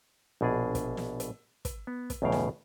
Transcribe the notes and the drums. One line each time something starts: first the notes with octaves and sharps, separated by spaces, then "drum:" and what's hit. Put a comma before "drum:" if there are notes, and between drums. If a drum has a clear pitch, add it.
A#1 B2 D4 G#4
drum: kick, hi-hat
drum: snare
drum: hi-hat
drum: kick, hi-hat
B3
drum: kick, hi-hat
B1 E2 A2 C#3 F5 G5
drum: snare